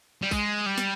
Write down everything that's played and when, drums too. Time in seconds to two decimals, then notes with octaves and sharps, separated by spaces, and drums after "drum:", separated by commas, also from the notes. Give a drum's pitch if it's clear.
0.22 G3
0.31 G#3, drum: kick, tambourine
0.66 G3
0.78 drum: snare